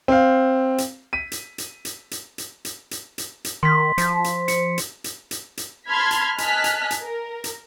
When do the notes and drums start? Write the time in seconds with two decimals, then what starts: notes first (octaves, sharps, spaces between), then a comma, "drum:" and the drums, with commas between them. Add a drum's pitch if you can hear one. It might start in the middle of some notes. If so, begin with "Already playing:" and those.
0.08 C4 F5
0.78 drum: hi-hat
1.13 B6 D#7
1.32 drum: hi-hat
1.58 drum: hi-hat
1.85 drum: hi-hat
2.11 drum: hi-hat
2.38 drum: hi-hat
2.65 drum: hi-hat
2.91 drum: hi-hat
3.18 drum: hi-hat
3.44 drum: hi-hat
3.63 D#3 C6 B6
3.98 F3, drum: hi-hat
4.24 drum: hi-hat
4.48 C#7, drum: hi-hat
4.78 drum: hi-hat
5.04 drum: hi-hat
5.31 drum: hi-hat
5.57 drum: hi-hat
5.89 A5 B5 C6 F6 G#6 B6
6.11 drum: hi-hat
6.38 D#5 G#5 A5 F6 F#6 B6, drum: hi-hat
6.64 drum: hi-hat
6.91 drum: hi-hat
7.03 A#4
7.44 drum: hi-hat